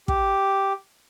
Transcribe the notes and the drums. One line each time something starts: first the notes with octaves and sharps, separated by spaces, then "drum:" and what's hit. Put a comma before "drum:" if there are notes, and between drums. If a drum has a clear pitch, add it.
G4, drum: kick